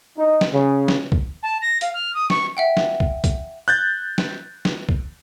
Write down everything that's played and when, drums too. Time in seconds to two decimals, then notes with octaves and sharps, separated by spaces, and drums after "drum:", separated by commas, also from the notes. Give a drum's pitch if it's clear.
0.18 D#4
0.41 drum: snare
0.52 C#3
0.88 drum: snare
1.12 drum: kick C2
1.42 A5
1.61 A#6
1.81 F5, drum: hi-hat
1.94 F6
2.14 D#6
2.30 C#6, drum: snare
2.57 E5 F#5 G5
2.77 drum: snare
3.00 drum: kick C2
3.24 drum: kick C2, hi-hat
3.68 F#6 G6 A6
4.18 drum: snare
4.65 drum: snare
4.89 drum: kick C2